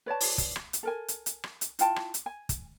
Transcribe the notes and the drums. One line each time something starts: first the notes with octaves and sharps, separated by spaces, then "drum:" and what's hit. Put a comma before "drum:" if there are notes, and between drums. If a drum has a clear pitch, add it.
B4 C#5 D5 A5
drum: open hi-hat
drum: kick, hi-hat
drum: rim click
drum: hi-hat
A4 A#4 G#5
drum: hi-hat
drum: hi-hat
drum: rim click
drum: hi-hat
E4 F4 G5 A5, drum: hi-hat
drum: rim click
drum: hi-hat
G#5
drum: kick, hi-hat